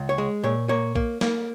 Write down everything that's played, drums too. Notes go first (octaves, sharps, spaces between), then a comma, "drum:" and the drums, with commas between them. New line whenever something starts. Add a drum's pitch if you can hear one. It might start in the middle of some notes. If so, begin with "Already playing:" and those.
Already playing: C#2
C#5
G#3
A#2 C#5
A#3 C#5
A#3, drum: kick B1
A#3, drum: snare